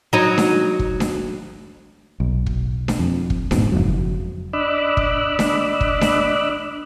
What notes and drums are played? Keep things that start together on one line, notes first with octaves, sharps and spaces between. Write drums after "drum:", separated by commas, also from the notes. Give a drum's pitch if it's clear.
F#3 D#4
drum: snare D4
drum: kick
drum: snare D4
B1
drum: kick
drum: snare D4
F2
drum: kick
D#1 A1 G#2 B2, drum: snare D4
F#1 C2 F2 F#3
D4 D#5 B5 D6 E6 F#6
drum: kick
drum: snare D4
drum: kick
drum: snare D4